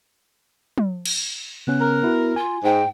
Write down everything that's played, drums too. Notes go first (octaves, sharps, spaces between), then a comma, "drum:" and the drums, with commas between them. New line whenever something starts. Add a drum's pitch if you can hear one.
drum: tom
drum: cymbal
C#3 B3 C#4 F#6
A#4
B3 E4 F#4
F4 G#5
G#2 G5